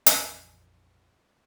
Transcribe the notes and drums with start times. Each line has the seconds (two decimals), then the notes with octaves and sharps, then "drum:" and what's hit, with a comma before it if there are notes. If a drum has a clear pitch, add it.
0.06 A#1 F2 E3 A#3, drum: hi-hat